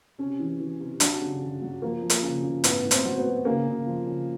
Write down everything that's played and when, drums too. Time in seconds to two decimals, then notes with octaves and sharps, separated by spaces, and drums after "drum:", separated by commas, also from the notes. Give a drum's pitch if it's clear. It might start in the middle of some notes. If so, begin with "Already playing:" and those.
0.18 C3 C#4
0.39 E3
0.60 E3
0.80 C3
1.00 F#3 D4, drum: hi-hat
1.21 C#3
1.41 C#3
1.62 F#3
1.82 F3 A#3
2.02 F3
2.10 A#3, drum: hi-hat
2.23 C#3
2.43 C#3
2.64 A2 B3, drum: hi-hat
2.84 A2
2.91 C4, drum: hi-hat
3.04 F#3
3.18 B3
3.25 F#3
3.45 C#3 A#3
3.65 C#3
3.86 F3
4.06 C#3